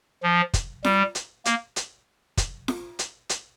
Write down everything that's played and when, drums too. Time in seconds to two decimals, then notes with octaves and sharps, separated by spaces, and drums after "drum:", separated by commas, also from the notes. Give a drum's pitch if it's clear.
0.23 F3
0.54 drum: kick, hi-hat
0.84 G3, drum: snare
1.15 drum: hi-hat
1.45 A#3, drum: hi-hat
1.76 drum: hi-hat
2.37 drum: kick, hi-hat
2.68 drum: snare
2.99 drum: hi-hat
3.29 drum: hi-hat